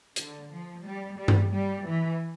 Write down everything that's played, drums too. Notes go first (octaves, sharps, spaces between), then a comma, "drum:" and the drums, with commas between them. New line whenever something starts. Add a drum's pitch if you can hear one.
D3, drum: hi-hat
F3
G3
G3
drum: tom G2
G3
E3